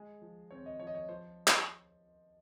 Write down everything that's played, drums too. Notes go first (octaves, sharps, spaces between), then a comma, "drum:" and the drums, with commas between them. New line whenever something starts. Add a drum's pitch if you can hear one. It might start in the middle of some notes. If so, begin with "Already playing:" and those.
Already playing: G#3 G#4
F3
C4 C#5
D#5
F3 C#5
D#5
C#5
F3 C5
drum: clap